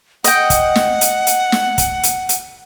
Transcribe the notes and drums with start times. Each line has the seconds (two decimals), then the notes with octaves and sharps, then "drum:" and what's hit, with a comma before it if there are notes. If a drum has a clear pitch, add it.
0.24 D#5 F#5 G5, drum: hi-hat
0.50 drum: kick, hi-hat
0.76 drum: snare
1.01 drum: hi-hat
1.27 drum: hi-hat
1.52 drum: snare
1.78 drum: kick, hi-hat
2.03 drum: hi-hat
2.29 drum: hi-hat